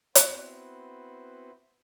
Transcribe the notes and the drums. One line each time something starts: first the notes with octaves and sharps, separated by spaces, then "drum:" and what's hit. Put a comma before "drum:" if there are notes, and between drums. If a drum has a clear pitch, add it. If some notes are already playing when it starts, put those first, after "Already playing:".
B3 C4 E4 F#4 B4 C5, drum: hi-hat